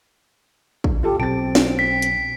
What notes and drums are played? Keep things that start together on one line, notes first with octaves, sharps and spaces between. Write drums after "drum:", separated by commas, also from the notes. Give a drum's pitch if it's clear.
drum: kick
F4 G4 A4 A5
B1 C4 A5 A6 D7
drum: snare
B6
drum: hi-hat